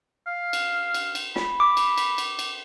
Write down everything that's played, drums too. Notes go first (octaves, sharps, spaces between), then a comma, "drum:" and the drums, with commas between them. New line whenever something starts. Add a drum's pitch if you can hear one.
F5
drum: cymbal
drum: cymbal
drum: cymbal
B5, drum: snare
D6
drum: cymbal
drum: cymbal
drum: cymbal
drum: cymbal